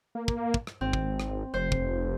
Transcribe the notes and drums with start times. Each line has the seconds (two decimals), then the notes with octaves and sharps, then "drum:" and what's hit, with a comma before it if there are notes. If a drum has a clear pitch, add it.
0.15 A#3
0.28 drum: kick
0.54 drum: kick
0.67 drum: rim click
0.81 G#1 C4
0.93 drum: kick
1.20 drum: rim click
1.54 F1 C5
1.72 drum: kick